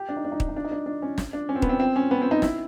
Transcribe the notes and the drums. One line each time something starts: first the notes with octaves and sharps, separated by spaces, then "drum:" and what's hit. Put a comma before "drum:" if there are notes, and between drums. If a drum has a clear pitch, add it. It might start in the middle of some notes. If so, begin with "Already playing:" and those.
Already playing: G4
D4
D#4
D4
D#4
D4, drum: kick
D#4
D4
D#4
D4
D4
C#4
drum: snare
D4
C#4
C4
B3, drum: kick
C4
C4
C#4
B3
C4
D#4
E4, drum: snare